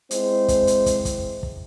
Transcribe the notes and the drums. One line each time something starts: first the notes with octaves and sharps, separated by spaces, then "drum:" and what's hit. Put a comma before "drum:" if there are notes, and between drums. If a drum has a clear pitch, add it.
G#3 C4 E4 C5, drum: hi-hat
drum: kick, hi-hat
drum: hi-hat
drum: kick, hi-hat
drum: kick, hi-hat
drum: kick